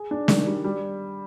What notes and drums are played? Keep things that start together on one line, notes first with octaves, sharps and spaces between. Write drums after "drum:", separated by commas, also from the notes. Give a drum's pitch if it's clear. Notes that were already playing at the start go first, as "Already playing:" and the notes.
Already playing: G#4
D4
D#3, drum: snare
G3
G3